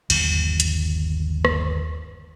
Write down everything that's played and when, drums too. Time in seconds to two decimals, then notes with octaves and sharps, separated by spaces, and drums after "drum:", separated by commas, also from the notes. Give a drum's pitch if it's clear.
0.10 G1 D#2 F#3, drum: cymbal
0.60 drum: hi-hat
1.45 drum: rim click